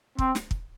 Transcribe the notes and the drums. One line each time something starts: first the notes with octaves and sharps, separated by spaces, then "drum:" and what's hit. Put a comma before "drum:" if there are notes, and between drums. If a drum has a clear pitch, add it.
C4, drum: kick
drum: snare
drum: kick